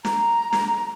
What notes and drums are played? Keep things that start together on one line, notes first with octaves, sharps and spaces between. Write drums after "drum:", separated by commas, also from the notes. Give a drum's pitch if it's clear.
A#5, drum: snare
drum: snare